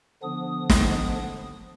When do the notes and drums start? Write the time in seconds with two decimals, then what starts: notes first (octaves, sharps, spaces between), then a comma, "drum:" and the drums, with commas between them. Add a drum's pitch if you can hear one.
0.23 D3 F3 B3 D4 D#6
0.70 drum: snare